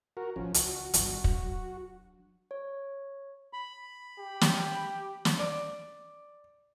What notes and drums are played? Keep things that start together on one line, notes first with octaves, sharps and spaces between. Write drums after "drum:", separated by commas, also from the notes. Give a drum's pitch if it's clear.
F#4 A#4
A1 F3 C#4
C#2 F#4, drum: hi-hat
G1 D#3, drum: hi-hat
F#3 D4, drum: kick
C#5
B5
G4
drum: snare
drum: snare
D5